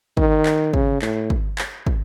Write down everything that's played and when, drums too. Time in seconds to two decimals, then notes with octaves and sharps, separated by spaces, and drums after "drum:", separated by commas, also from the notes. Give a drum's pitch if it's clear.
0.17 D#3, drum: kick
0.46 drum: clap
0.74 C#3, drum: kick
1.02 A2, drum: clap
1.30 drum: kick
1.58 drum: clap
1.86 drum: kick